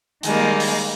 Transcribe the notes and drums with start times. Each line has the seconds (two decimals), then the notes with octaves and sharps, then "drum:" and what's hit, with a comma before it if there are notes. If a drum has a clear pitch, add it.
0.23 D#3 G3 G#3 A#3, drum: hi-hat
0.60 drum: open hi-hat